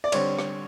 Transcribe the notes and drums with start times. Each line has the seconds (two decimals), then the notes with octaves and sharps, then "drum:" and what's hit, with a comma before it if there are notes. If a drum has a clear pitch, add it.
0.04 D5
0.12 D3 G3 C4 C#5, drum: cymbal
0.39 drum: rim click